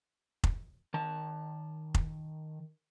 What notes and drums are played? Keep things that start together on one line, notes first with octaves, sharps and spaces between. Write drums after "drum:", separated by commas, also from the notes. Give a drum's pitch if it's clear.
drum: kick F1
D#3 A5
drum: kick F1